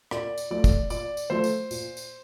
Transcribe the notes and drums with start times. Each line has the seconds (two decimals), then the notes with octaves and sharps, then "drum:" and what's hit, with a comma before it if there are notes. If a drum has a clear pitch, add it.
0.11 A#2 D5, drum: rim click
0.38 drum: tambourine
0.51 F3 A3 D5
0.64 drum: kick, tambourine
0.90 A#2 D5, drum: tambourine
1.17 drum: tambourine
1.30 F3 A3 C5
1.44 drum: tambourine
1.71 A#2, drum: tambourine
1.97 drum: tambourine